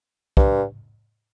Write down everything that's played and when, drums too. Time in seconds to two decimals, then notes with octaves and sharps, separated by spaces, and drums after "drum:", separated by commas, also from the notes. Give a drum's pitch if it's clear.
0.37 G2, drum: kick